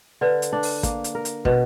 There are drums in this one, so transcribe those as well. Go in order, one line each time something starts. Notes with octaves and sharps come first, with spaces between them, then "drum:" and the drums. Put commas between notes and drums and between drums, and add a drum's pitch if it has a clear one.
D3 B4 D5
drum: hi-hat
D4
drum: open hi-hat
A#3, drum: kick, hi-hat
drum: hi-hat
A#4
drum: hi-hat
B2 B4, drum: kick